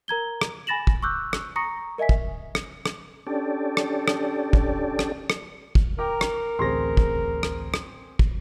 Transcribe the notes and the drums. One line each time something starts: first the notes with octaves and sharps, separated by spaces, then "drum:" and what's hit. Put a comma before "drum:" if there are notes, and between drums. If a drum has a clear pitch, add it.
A#4 A#5 G#6 G7
drum: rim click
G#5 B5 A6 A#6 E7 F#7
drum: kick
C#6 D6 E6 F#6 G6
drum: rim click
A#5 C#6 D#6 A#6 C#7
A#4 D#5 E5 G#5 B6
drum: kick
drum: rim click
drum: rim click
C#4 D4 G4 A4 D5
drum: rim click
drum: rim click
drum: kick
drum: rim click
drum: rim click
drum: kick
A#4 G5 A#5 D6
drum: rim click
A1 D2 C4 G#4 C6 A#6
drum: kick
drum: rim click
drum: rim click
drum: kick